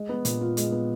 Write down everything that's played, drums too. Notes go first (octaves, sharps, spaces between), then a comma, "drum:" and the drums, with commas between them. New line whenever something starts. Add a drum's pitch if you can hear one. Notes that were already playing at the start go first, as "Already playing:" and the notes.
Already playing: G#3
B3
A#2, drum: hi-hat
F4
G#3, drum: hi-hat
B3